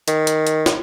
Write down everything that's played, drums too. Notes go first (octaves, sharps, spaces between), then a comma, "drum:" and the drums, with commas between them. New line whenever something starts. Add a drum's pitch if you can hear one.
D#3, drum: hi-hat
drum: hi-hat
drum: hi-hat
drum: snare